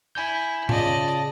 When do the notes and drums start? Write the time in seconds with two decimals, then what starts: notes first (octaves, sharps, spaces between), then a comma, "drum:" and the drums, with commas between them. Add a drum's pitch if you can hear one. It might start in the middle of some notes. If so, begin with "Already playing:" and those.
0.15 E4 G#5 G6
0.69 C#3 F4 D5 D#5 A5, drum: tom A2